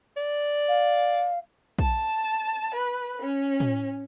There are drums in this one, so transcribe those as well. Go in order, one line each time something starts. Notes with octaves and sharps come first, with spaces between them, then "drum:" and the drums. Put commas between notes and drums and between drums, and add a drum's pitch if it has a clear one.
D5
F5
A5, drum: kick A#1
B4
drum: tambourine
C#4
drum: tom